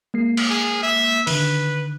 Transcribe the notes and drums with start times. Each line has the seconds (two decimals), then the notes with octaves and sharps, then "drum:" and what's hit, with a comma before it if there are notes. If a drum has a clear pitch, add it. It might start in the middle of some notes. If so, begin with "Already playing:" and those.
0.14 G#3 A#3 C7
0.37 drum: cymbal
0.50 G#4
0.83 E5
1.27 D3 D#3 B4, drum: open hi-hat